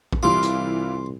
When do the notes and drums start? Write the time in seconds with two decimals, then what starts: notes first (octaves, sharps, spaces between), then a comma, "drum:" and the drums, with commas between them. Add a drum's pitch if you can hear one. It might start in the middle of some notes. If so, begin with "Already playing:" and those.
0.13 drum: kick A#1
0.23 C2 E3 G3 F4 C6 D6
0.43 drum: hi-hat